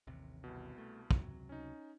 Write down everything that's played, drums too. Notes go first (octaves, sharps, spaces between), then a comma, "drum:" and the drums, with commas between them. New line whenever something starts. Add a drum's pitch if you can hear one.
A1 D#2 C3
C2 B2
A3
C#2 C3 F#3, drum: kick
C#4 D#4